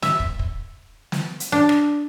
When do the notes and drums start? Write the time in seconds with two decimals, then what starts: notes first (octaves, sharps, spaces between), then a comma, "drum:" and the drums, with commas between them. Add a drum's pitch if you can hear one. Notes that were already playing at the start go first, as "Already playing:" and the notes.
0.03 E5, drum: snare
0.20 drum: kick
0.39 drum: kick
1.12 drum: snare
1.40 drum: hi-hat
1.52 D4
1.69 drum: rim click